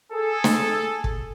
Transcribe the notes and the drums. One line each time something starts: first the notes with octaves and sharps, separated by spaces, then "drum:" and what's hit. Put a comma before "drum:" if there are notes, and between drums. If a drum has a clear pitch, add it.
G#4 A4
drum: snare
drum: kick